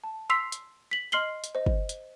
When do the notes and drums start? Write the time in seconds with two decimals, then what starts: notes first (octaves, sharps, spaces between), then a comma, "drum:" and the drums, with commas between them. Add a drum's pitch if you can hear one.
0.04 A5
0.30 C6 E6 B6 C7 F7
0.52 drum: hi-hat
0.91 B6 F#7
1.12 D#5 C6 F6 C7 F#7 G7
1.44 drum: hi-hat
1.55 C5 D#5
1.66 drum: kick
1.89 drum: hi-hat